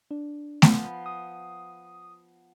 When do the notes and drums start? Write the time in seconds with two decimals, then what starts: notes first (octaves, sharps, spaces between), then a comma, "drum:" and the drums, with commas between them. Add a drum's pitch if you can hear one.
0.11 D4
0.62 F3 B3 B5, drum: snare A3
1.06 D#6